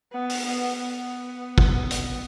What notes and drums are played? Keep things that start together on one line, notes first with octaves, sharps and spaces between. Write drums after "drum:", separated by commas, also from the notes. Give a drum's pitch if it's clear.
B3
drum: open hi-hat
B3
B3
drum: kick
drum: hi-hat